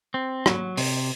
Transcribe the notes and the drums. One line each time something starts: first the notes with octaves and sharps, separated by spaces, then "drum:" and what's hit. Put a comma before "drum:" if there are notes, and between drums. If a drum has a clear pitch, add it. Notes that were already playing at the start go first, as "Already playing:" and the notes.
C4
F#3, drum: rim click
C3, drum: open hi-hat